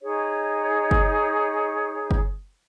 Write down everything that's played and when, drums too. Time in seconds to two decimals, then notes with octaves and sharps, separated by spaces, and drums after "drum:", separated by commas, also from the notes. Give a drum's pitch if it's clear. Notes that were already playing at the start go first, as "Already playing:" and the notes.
0.02 D#4 G#4 C#5
0.91 drum: kick F#1
2.11 drum: kick F#1